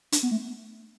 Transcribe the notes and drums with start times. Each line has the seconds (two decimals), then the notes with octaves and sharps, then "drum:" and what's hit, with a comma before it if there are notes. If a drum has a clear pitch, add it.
0.12 D4, drum: hi-hat
0.23 B3
0.31 A3